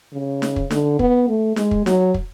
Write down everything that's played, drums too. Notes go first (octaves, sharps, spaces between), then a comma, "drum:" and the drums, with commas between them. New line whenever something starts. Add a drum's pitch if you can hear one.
C#3
drum: snare
drum: kick
D3, drum: snare
B3, drum: kick
A3
G#3, drum: snare
drum: kick
F#3, drum: snare
drum: kick